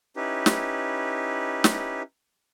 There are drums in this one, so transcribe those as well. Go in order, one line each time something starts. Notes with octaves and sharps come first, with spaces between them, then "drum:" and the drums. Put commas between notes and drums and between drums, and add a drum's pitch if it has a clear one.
C#4 D#4 E4 G4 B4
drum: snare
drum: snare